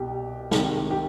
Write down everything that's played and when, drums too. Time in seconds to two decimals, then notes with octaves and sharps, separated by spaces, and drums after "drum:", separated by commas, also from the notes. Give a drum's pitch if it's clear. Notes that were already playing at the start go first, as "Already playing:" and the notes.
Already playing: C2 B2 G4
0.51 C2 C3 D#3, drum: snare
0.91 G4